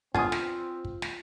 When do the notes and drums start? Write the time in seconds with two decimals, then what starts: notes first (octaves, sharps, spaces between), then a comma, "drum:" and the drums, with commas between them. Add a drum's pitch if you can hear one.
0.14 B3 C4 D4 F4 A4 G#5 D#6, drum: kick
0.32 drum: snare
0.85 drum: kick
1.02 drum: snare